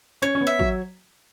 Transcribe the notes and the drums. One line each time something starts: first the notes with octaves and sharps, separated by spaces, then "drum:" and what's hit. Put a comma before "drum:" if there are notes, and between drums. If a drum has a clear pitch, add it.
C#4 C#5
C#4
B3
E5
F#3, drum: kick